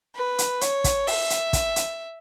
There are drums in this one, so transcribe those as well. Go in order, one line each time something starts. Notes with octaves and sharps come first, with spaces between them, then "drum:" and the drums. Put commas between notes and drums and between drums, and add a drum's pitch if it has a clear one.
B4
drum: hi-hat
C#5, drum: hi-hat
drum: kick, hi-hat
E5, drum: open hi-hat
drum: hi-hat
drum: kick, hi-hat
drum: hi-hat